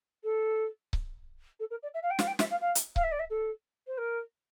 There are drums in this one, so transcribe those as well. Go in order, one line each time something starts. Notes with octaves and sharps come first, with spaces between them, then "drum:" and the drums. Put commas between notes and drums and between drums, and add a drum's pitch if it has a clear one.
A4
drum: kick C#1
A4
A#4
D5
E5
F5
G5
F5, drum: snare
G5
E5, drum: snare
F5
F5
drum: hi-hat
F5, drum: kick C#1
E5
D5
E5
A4
C5
A#4